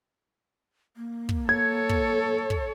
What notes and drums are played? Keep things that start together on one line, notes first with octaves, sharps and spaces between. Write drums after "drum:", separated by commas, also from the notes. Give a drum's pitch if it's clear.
A#3
drum: kick
A4 C#5 G#6
drum: kick
drum: kick